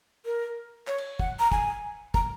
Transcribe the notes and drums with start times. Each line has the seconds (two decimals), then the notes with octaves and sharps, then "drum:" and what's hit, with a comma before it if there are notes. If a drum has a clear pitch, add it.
0.25 A#4
0.87 C#5, drum: clap
0.98 drum: cymbal
1.19 F#5, drum: kick
1.40 A#5
1.52 G#5, drum: kick
2.14 A#5, drum: kick